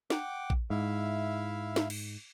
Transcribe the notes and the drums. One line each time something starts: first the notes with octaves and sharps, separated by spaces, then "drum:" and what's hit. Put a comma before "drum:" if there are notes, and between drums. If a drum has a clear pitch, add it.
F#5 G5 D6, drum: snare
drum: kick A#1
G#2 E4 E5 F5
drum: snare
drum: cymbal